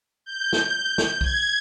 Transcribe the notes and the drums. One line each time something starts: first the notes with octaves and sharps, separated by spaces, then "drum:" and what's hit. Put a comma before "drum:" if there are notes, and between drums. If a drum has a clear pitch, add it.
G6
drum: snare
drum: snare
G#6, drum: kick B1